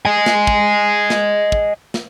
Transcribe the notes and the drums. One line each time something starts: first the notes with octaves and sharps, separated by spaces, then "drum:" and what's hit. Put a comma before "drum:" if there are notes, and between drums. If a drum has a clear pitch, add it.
D#5 G#5
drum: snare
drum: kick
drum: snare
drum: kick
drum: snare